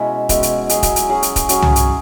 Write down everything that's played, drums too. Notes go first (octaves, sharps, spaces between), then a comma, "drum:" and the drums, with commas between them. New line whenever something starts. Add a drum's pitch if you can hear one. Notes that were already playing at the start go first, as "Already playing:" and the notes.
Already playing: B2 G#3 C#4 E4
B2 G#3 C#4 E4, drum: kick E1, hi-hat
drum: hi-hat
F#3 C#4 G#4, drum: hi-hat
drum: kick E1, hi-hat
drum: hi-hat
F#3 C#4 G#4
drum: hi-hat
drum: kick E1, hi-hat
F#3 C#4 G#4, drum: hi-hat
drum: tom
drum: hi-hat